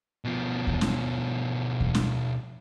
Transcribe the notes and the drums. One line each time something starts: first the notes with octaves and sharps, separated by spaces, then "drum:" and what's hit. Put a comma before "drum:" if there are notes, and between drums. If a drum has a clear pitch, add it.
B2 F3
drum: kick D#2
drum: snare
drum: kick D#2
drum: snare